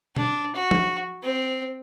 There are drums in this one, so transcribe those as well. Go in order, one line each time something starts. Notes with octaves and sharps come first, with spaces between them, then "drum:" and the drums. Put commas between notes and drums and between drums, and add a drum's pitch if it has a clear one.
D4, drum: tom B2
F#4
drum: tom F3
C4